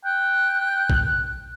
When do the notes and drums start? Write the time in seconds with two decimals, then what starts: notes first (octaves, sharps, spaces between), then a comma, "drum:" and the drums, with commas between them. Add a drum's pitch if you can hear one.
0.05 G5 F#6
0.90 drum: kick A#1